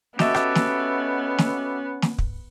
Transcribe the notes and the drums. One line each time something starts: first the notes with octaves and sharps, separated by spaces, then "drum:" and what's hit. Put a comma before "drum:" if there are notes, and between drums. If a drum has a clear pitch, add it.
B3 C#4 F#4 G4 A4 D#5 E5, drum: snare
drum: rim click
drum: snare
drum: snare
drum: snare
drum: kick